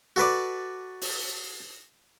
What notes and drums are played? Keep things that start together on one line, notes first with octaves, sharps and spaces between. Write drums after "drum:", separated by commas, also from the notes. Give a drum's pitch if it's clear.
F#4 A4 B4 D5
drum: open hi-hat